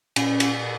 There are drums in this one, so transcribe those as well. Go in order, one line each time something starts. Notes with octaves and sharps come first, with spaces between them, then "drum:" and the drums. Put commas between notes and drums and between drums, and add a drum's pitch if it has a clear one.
A#2 C#4, drum: cymbal
drum: cymbal